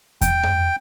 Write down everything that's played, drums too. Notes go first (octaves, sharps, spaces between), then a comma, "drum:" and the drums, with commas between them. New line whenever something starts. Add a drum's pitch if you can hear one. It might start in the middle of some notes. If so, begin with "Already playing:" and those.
G5, drum: kick E2, hi-hat
drum: tom F2